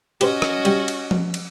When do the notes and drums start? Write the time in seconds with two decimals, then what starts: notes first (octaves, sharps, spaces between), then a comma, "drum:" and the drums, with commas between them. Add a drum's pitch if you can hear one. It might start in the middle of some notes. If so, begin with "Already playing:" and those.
0.21 C#4 F#4 G4 B4 C5 D#5, drum: cymbal
0.42 drum: rim click
0.65 G3 G5 G#5, drum: cymbal
0.88 drum: cymbal
1.11 drum: tom F3
1.34 drum: cymbal